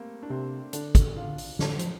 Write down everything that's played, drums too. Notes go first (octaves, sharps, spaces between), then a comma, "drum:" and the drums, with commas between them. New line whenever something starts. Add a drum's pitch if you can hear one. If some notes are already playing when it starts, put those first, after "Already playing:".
Already playing: G3 A3 A#3 C4
D4
C3 C4
D3 D4, drum: hi-hat
drum: kick, hi-hat
F4
drum: open hi-hat
D3, drum: snare
F3, drum: hi-hat